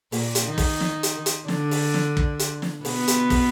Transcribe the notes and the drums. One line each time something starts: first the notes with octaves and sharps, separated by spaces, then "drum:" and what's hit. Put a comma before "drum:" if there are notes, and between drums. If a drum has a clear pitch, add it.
A#2 A#3, drum: open hi-hat
drum: hi-hat
D#3 D#4
drum: kick, open hi-hat
drum: snare
drum: hi-hat
drum: hi-hat
D3 D4, drum: snare
drum: open hi-hat
drum: snare
drum: kick
drum: hi-hat
drum: snare
B2 B3, drum: open hi-hat
drum: hi-hat
drum: kick, open hi-hat